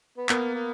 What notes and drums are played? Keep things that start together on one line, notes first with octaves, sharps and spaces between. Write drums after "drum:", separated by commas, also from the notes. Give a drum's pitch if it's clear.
B3
A#3 B3, drum: clap
A#3